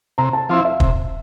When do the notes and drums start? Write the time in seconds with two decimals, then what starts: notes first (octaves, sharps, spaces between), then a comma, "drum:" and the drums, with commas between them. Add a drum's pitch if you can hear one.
0.18 C3 A#5
0.33 A5
0.49 F3 C4 E4 F5
0.65 E5
0.80 C3, drum: kick